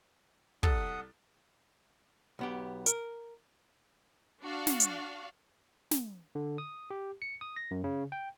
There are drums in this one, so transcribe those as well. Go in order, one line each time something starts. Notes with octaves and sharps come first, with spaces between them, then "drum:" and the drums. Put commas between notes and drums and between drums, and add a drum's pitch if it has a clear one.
C2 A4 F#5 D#6 A6, drum: kick
B1 B3 G4
A#4, drum: hi-hat
D4 F#4 F5
drum: snare
drum: hi-hat
drum: snare
D3
D#6
G4
C#7
D#6
A#6
F#2
C#3
G5